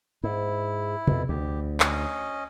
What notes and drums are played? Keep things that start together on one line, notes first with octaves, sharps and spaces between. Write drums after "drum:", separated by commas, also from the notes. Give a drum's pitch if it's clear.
G#2 E4
F2 B2, drum: tom C3
D2 G4
C#4 D#5, drum: clap